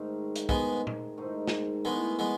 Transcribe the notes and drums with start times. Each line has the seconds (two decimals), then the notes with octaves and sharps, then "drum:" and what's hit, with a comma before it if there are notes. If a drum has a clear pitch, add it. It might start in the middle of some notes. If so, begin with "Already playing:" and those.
Already playing: G#2 D#3 A3 D#4
0.36 drum: hi-hat
0.49 G#2 D#3 G#3 A3 B3 D#4, drum: kick
0.87 drum: tom A#2
1.17 G#2 D#3 A3 D#4
1.48 drum: snare
1.85 E3 G#3 A3 B3 D#4
2.19 G#3 B3